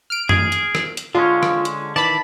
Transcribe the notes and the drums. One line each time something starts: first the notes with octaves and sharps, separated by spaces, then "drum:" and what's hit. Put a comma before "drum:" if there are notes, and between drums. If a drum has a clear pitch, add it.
F6 D7
G#4, drum: tom
drum: hi-hat
drum: rim click
drum: hi-hat
D3 G#3 C#4 F4
drum: rim click
drum: hi-hat
D#3 E3 D5 A5 B5